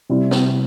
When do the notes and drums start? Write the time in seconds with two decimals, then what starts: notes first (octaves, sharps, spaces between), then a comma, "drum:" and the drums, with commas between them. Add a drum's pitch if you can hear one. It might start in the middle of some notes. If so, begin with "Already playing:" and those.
0.09 C3 G3 C4 E4
0.31 drum: snare